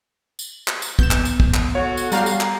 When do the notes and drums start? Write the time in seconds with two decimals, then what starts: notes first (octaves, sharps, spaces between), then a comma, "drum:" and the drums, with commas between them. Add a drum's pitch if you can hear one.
0.39 drum: tambourine
0.68 drum: clap
0.82 drum: tambourine
0.99 B3 G6 E7, drum: kick
1.11 drum: clap
1.25 drum: tambourine
1.40 drum: kick
1.54 drum: clap
1.75 F#4 A4 C#5
1.97 drum: tambourine
2.12 G3 G4 F5 A#5 C7, drum: tambourine
2.26 drum: tambourine
2.41 drum: clap